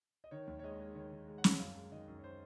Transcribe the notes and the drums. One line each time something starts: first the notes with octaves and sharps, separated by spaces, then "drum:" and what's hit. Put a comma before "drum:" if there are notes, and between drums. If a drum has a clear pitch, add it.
D#5
D#3 C#5
D#2
C#5
G#3 D#5
G#3
D#3 C#5
D#3
G#3
F#5
C4, drum: snare
F#2 F5
G#3
D#3 D#5
F#2
C#5
C5